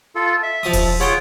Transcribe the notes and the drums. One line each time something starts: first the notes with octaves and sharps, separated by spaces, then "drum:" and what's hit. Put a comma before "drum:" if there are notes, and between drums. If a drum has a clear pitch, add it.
F4 A4
E5
F3 A5 D#6
drum: kick E1, open hi-hat
F4 G#4 C#5 F#5 G5